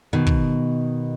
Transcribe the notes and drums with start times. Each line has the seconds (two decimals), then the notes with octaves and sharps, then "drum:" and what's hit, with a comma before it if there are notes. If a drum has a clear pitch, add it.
0.13 B2 D#3
0.27 drum: kick